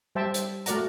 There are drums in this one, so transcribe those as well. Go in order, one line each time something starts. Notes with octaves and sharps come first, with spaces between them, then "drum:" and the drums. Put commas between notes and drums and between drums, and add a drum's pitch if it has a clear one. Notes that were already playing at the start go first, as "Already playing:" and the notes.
G3 C5 E5 G5 A5
drum: hi-hat
A3 F#4 A#4 D5 F#5 A#5, drum: hi-hat